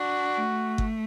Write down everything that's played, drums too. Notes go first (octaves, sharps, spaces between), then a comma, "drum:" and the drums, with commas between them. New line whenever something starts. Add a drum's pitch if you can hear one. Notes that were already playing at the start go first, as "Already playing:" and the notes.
Already playing: D4 F#4
A3
drum: kick G1